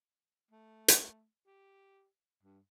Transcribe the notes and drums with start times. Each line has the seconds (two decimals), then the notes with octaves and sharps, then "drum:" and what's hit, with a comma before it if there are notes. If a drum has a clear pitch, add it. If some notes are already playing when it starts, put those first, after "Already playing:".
0.51 A3
0.88 drum: hi-hat
1.46 G4
2.43 G2